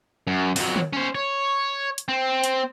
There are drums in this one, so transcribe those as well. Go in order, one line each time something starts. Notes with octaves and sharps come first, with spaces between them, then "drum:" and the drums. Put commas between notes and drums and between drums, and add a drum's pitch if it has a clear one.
F#2
F2 F#3, drum: open hi-hat
drum: tom
C#4 C5
C#5
drum: hi-hat
C4
drum: hi-hat